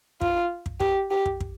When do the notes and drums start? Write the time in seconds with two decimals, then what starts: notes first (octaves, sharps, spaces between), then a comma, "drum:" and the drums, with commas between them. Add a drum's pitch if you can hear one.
0.21 F4, drum: kick
0.66 drum: kick
0.80 G4, drum: kick
1.11 G4
1.25 drum: kick
1.40 drum: kick